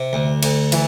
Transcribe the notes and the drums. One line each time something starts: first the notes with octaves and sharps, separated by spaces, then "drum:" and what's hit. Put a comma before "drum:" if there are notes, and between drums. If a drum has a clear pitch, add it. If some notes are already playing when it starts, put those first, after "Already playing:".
Already playing: C3
D2
D2, drum: cymbal
E3, drum: cymbal